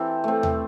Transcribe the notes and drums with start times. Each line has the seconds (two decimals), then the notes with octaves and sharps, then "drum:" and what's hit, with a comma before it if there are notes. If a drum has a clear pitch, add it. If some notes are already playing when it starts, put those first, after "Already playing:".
Already playing: E3 C4 G4 A4
0.24 A3 C4
0.43 drum: tom D#2